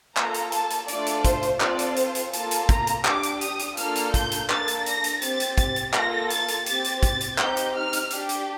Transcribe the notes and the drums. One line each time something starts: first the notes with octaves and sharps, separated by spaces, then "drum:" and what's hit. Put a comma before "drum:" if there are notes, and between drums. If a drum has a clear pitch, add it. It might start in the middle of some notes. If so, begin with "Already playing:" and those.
A#3 F4 A4 A#5, drum: clap
drum: hi-hat
A5, drum: hi-hat
drum: hi-hat
A3 D4 F4 A4 D5, drum: hi-hat
drum: hi-hat
C5, drum: kick, hi-hat
drum: hi-hat
C4 F4 A4 D5, drum: clap
drum: hi-hat
C5, drum: hi-hat
drum: hi-hat
A#3 F4 A4 A5, drum: hi-hat
drum: hi-hat
A#5, drum: kick, hi-hat
drum: hi-hat
D4 G4 D6, drum: clap
drum: hi-hat
D#6, drum: hi-hat
drum: hi-hat
A#3 D4 F4 A4 F6, drum: hi-hat
drum: hi-hat
G6, drum: kick, hi-hat
drum: hi-hat
A#3 D4 A4 A6, drum: clap
drum: hi-hat
A#6, drum: hi-hat
drum: hi-hat
C4 G4 A6, drum: hi-hat
drum: hi-hat
A6, drum: kick, hi-hat
drum: hi-hat
A#3 F4 A4 A#6, drum: clap
A6, drum: hi-hat
drum: hi-hat
C4 G4 A6, drum: hi-hat
drum: hi-hat
A6, drum: kick, hi-hat
drum: hi-hat
C4 D#4 G4 G6, drum: clap
drum: hi-hat
F6
drum: hi-hat
D4 G4, drum: hi-hat
drum: hi-hat